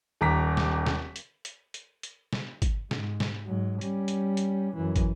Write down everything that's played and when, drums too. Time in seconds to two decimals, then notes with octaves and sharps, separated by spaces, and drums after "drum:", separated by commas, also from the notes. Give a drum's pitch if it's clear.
0.21 D#1 D#2 A#5 D6 B6
0.57 drum: snare
0.86 drum: snare
1.16 drum: hi-hat
1.45 drum: hi-hat
1.74 drum: hi-hat
2.03 drum: hi-hat
2.33 drum: snare
2.62 drum: kick, hi-hat
2.91 G#2, drum: snare
3.20 drum: snare
3.46 G#2 F#3
3.81 G3 C#4, drum: hi-hat
4.08 drum: hi-hat
4.37 drum: hi-hat
4.75 F#2 E3
4.96 drum: kick, hi-hat